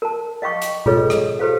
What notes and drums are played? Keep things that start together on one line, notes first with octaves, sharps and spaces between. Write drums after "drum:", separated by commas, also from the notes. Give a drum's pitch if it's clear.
A#4 A5
D#5 F5 G5 C#6 D6
drum: hi-hat
F4 G#4 A4 B4 C#5 D#5, drum: tom B2
drum: rim click
G4 A4 B4 C5 F5